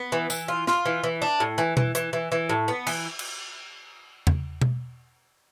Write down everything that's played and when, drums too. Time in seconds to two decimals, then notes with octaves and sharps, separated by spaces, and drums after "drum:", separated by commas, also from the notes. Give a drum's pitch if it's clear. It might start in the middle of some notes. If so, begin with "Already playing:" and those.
Already playing: B3
0.12 E3
0.30 E3, drum: tambourine
0.48 F4
0.67 F4, drum: snare
0.86 E3
1.04 E3
1.22 D4
1.40 A2
1.58 E3
1.77 E3, drum: tom B2
1.95 E3, drum: hi-hat
2.13 E3
2.32 E3
2.49 A2
2.68 B3
2.87 E3, drum: cymbal
3.19 drum: cymbal
4.27 drum: tom E2
4.62 drum: tom B2